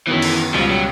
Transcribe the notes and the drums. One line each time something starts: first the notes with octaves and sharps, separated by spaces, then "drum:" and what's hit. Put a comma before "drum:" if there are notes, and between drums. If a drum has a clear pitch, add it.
F#2 D#3 E3 F#3 B3
drum: cymbal
C#2 B2 F3 G3
F#3